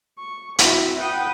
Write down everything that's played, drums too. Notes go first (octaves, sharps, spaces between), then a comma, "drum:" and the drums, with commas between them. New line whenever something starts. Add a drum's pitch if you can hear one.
C#6
C4 E4 F#4, drum: hi-hat
B4 F#5 G5 D#6 G6